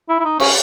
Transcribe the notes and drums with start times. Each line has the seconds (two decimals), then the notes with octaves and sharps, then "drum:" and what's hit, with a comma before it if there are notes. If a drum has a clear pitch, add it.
0.09 E4
0.19 E4
0.25 D#4
0.40 C#4, drum: cymbal